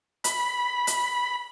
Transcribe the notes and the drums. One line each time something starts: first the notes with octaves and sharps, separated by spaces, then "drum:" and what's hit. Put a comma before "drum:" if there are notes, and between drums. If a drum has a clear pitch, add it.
B5, drum: hi-hat
drum: hi-hat